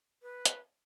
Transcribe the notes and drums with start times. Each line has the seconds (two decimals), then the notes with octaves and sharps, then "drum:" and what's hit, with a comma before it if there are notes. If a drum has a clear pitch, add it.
0.22 B4
0.45 drum: hi-hat